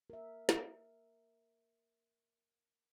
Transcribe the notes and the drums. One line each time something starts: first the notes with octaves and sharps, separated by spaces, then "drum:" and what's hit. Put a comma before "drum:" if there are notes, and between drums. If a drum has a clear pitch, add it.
A#4 E5
drum: snare